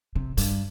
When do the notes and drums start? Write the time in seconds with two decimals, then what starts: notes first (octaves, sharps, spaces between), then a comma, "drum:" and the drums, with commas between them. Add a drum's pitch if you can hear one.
0.16 C3
0.37 G2, drum: hi-hat